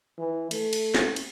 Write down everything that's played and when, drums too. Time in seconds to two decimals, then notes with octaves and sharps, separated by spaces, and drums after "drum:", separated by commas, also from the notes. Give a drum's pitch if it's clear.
0.18 E3
0.51 A3, drum: cymbal
0.73 drum: cymbal
0.95 drum: snare
1.16 drum: cymbal